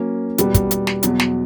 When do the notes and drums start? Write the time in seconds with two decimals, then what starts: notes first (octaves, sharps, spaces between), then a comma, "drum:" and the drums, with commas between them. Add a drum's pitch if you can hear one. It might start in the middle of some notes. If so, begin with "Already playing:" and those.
Already playing: F#3 A#3 C#4
0.38 E2 B2 G3 B3, drum: hi-hat
0.54 drum: kick, hi-hat
0.71 drum: hi-hat
0.87 drum: snare
1.03 E2 B2 F#3, drum: hi-hat
1.20 drum: snare